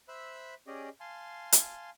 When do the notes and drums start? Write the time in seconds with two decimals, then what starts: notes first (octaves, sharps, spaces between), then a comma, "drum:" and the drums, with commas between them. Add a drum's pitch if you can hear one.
0.08 C5 E5 B5 E6 F#6
0.67 C#4 G4 G#4 D5 D#5
1.00 F5 G#5 A5 C6
1.52 drum: hi-hat